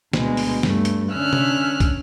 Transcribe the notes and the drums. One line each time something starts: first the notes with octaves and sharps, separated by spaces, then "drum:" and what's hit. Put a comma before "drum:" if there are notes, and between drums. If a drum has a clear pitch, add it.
D2 B2 G#3, drum: snare
drum: open hi-hat
G2 A3, drum: snare
drum: hi-hat
D3 C#4 E5 F6 F#6
drum: tom C3
drum: kick, hi-hat